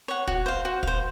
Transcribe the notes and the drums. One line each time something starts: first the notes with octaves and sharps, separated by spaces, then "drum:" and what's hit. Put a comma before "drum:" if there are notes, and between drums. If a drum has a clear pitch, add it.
C#5 F#5
F#4, drum: kick
C5 F5
F#4
C5 F5, drum: kick